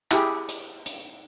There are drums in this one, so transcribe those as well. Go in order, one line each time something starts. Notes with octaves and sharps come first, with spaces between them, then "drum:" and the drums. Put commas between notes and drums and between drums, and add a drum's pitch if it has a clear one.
E4 G4 G#4, drum: clap
drum: hi-hat
drum: hi-hat